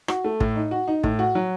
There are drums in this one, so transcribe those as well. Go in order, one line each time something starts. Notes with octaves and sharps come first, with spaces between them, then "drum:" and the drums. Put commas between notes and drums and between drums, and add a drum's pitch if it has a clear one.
F#4, drum: rim click
A3
A2, drum: kick
D#4
F#4
D#4
A2, drum: kick
F#4
F#3